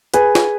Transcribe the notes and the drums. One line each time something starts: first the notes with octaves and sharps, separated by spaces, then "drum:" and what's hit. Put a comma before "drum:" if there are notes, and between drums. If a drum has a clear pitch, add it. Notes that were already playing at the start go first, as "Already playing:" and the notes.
G#4 B4, drum: hi-hat
drum: snare